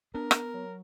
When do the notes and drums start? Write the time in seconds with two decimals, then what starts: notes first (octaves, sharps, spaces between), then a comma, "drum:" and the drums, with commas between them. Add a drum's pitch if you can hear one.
0.15 B3 D4 A#4
0.31 drum: rim click
0.54 F#3